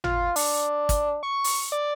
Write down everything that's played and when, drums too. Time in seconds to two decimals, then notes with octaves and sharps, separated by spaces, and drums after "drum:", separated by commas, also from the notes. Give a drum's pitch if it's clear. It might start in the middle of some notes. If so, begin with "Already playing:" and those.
0.04 F4, drum: tom
0.36 D4, drum: open hi-hat
0.89 drum: kick, hi-hat
1.23 C#6
1.44 drum: open hi-hat
1.72 D5